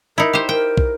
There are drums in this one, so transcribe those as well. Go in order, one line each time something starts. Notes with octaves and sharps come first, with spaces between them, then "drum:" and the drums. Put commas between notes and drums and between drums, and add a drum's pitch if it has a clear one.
D#4 E4 A#4
G4 C5
A#4 G5
drum: kick